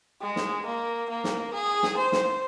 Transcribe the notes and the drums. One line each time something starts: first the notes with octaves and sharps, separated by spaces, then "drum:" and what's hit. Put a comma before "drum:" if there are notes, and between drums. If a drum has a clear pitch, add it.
G#3
drum: snare
A#3
A#3
drum: snare
G#4
drum: snare
C5
drum: snare